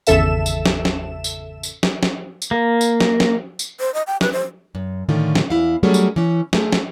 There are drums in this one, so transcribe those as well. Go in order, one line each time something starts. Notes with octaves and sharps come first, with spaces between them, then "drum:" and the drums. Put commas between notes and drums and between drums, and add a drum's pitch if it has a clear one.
G#1 E2 C#3 A4 E5 E7, drum: tambourine
drum: tambourine
drum: snare
drum: snare
drum: tambourine
drum: tambourine
drum: snare
drum: snare
drum: tambourine
A#3
drum: tambourine
drum: snare
drum: snare
drum: tambourine
C5
D#5
G5
B4, drum: snare
C5
F#2
A2 D3 D#3 C#4 F4
drum: snare
E2 E3 E4 F5
F#3 G3 A3 C#4 G#4 A#4
drum: tambourine
E3 C#4
A3 F4 G#4, drum: snare
drum: snare